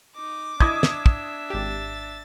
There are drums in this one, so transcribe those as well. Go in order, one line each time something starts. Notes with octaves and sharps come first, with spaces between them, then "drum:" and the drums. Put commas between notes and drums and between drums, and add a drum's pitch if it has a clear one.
D#4 D6
D4 E4 D#5 E5 D#6 G#6, drum: kick
drum: snare
drum: kick
G#1 G4 A6